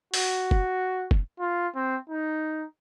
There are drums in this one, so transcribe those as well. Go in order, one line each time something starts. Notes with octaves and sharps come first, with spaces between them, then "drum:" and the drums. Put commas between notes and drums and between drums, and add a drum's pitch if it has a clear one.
F#4, drum: open hi-hat
drum: kick
drum: kick
F4
C4
D#4